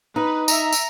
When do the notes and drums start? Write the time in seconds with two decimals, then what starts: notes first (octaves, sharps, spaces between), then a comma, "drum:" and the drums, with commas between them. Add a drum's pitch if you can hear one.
0.16 D#4 B4
0.48 E5 A#5, drum: tambourine
0.72 drum: tambourine